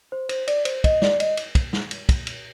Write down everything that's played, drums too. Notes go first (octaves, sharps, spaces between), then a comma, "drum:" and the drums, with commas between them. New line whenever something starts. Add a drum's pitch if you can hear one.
C5
C5, drum: cymbal
D5, drum: cymbal
C5, drum: cymbal
D#5, drum: kick, cymbal
D5, drum: snare
D#5, drum: cymbal
drum: cymbal
drum: kick, cymbal
drum: snare
drum: cymbal
drum: kick, cymbal
drum: cymbal